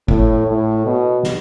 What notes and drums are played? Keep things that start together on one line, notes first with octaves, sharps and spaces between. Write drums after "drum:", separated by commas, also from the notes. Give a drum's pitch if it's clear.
A2, drum: kick
A2
B2
drum: snare